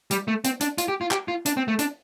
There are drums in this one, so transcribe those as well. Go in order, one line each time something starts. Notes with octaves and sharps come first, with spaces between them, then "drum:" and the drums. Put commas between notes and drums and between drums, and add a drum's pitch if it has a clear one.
G3, drum: hi-hat
A3
C4, drum: hi-hat
D4, drum: hi-hat
F4, drum: hi-hat
G4
F4
G4, drum: clap
F4
D4, drum: hi-hat
C4
A3
D4, drum: hi-hat